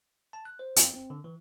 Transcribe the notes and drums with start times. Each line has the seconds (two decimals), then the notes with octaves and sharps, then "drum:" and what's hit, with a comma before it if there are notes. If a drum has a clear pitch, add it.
0.33 A5
0.45 F#6
0.59 C5
0.76 F2, drum: hi-hat
0.94 C4
1.10 D3
1.24 E3